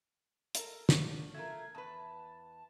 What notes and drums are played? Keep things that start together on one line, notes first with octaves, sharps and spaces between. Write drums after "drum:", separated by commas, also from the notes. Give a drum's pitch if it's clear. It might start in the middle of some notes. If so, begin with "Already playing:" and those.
A4 A#4, drum: hi-hat
D4 F4 F#4 C#5, drum: snare
A3 F4 A#4 G#6
E2 B4 A5